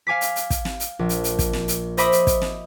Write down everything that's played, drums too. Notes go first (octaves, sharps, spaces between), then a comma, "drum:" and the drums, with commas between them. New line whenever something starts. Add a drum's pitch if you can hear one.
F5 G#5 D6 B6
drum: hi-hat
drum: hi-hat
drum: kick, hi-hat
drum: snare
drum: hi-hat
A#1
drum: hi-hat
drum: hi-hat
drum: kick, hi-hat
drum: snare
drum: hi-hat
C5 D#5 E5 B5 D6 D#6, drum: hi-hat
drum: hi-hat
drum: kick, hi-hat
drum: snare